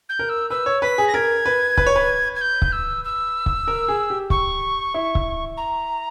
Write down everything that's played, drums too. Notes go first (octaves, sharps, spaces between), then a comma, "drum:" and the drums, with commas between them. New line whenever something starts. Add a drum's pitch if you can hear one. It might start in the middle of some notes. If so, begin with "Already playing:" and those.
G6
A#4
E6
B4 E6
C#5
B4 B6
G#4
A#6
A#4 G#6
B4
B4, drum: kick C#1
C#5
B4
G#6
G6
drum: kick C#1
E6
E6
drum: kick C#1
A#4
G#4
G4
C#6, drum: kick C#1
E4
drum: kick C#1
A#5